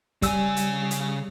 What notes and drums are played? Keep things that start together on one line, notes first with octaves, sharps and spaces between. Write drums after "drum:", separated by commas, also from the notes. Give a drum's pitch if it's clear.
C#3 G3 G#5 E6, drum: kick, hi-hat
drum: hi-hat
drum: hi-hat